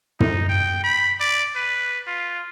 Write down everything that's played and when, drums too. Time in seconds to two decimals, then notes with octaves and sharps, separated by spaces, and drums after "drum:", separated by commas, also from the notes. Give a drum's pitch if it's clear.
0.20 D#4, drum: tom
0.49 G5
0.84 B5
1.20 D5
1.56 B4
2.07 F4